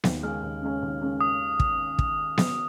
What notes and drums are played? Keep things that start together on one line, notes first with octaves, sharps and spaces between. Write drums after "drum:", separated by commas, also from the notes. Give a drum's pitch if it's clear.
D#2, drum: snare B3
C#3 G#3 C#4 F6
D#2
C#3 G#3 C#4
D#2
C#3 G#3 C#4
D#6
drum: kick
drum: kick
drum: snare B3